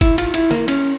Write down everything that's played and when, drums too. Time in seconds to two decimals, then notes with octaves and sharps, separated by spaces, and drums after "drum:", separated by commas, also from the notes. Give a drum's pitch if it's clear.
0.01 E4, drum: kick G1, cymbal
0.18 F4, drum: cymbal
0.34 E4, drum: cymbal
0.51 A#3, drum: snare D3
0.68 C#4, drum: cymbal